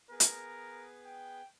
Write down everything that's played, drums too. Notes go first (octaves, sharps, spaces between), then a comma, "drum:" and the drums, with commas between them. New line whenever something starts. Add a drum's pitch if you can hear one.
B3 G#4 A#4 B4
drum: hi-hat
G5